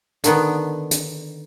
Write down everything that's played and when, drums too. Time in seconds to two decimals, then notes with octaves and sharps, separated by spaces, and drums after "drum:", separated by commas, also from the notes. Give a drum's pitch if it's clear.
0.24 D3 D#3 B3, drum: hi-hat
0.91 drum: hi-hat